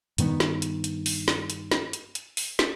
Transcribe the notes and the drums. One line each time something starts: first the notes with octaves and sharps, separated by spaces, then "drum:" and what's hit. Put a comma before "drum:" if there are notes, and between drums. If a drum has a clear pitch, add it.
G2 D#3 B3, drum: hi-hat
drum: snare
drum: hi-hat
drum: hi-hat
drum: open hi-hat
drum: snare
drum: hi-hat
drum: snare
drum: hi-hat
drum: hi-hat
drum: open hi-hat
drum: snare